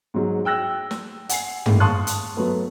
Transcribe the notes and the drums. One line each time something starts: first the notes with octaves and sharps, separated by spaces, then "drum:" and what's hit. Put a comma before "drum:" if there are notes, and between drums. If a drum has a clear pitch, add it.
G#2 F#3 G#3
G5 E6 F#6 A#6
drum: snare
F#5 G#5 C7, drum: hi-hat
A2 G#3 A#3, drum: tom
F5 A5 C6 C#6 D#6 F#6
drum: hi-hat
F#3 A3 B3